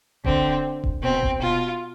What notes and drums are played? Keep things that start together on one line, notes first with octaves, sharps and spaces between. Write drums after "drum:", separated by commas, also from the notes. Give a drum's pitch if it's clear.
D3 C4, drum: kick D#1
drum: kick D#1
B2 C4
drum: kick D#1
B2 F4